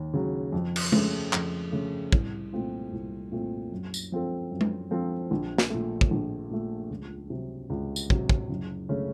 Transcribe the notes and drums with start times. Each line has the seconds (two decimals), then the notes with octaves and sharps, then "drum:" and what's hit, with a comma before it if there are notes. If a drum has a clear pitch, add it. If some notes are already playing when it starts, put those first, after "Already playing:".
Already playing: D#2
0.13 C#3 F#3
0.52 F2
0.76 drum: cymbal
0.92 C#3 A3, drum: tom G#3
1.33 F2, drum: clap
1.72 C#3 A3
2.12 C2, drum: kick
2.53 A#2 A3 C4 F4
2.93 C2
3.32 A#2 A3 C4 F4
3.72 F#2
3.94 drum: tambourine
4.12 F3 C4 F4 A4
4.52 F#2
4.61 drum: tom G#3
4.91 F3 C4 F4 A4
5.31 A#1
5.58 drum: snare
5.70 A#2 A3
6.01 drum: kick
6.11 A#1
6.50 A#2 A3
6.90 C#2
7.30 C3 F#3
7.70 C#2
7.96 drum: tambourine
8.10 C3 F#3, drum: kick
8.29 drum: kick
8.49 F#1
8.89 C#3 A3 C#4